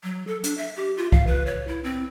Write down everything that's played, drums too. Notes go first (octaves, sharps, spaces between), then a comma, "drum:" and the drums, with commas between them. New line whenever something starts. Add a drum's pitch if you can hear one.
F#3
A4
D4, drum: hi-hat
E5
G4
F4
F5, drum: kick C2
B4
C#5
E4
C4